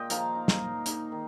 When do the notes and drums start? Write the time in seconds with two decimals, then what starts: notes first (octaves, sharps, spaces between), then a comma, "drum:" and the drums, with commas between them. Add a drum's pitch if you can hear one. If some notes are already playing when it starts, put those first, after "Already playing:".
Already playing: A#2 D#5 G5
0.10 F3 F5 A#5, drum: hi-hat
0.35 D#4
0.48 drum: snare
0.60 D#4
0.86 D#4, drum: hi-hat
1.12 D#3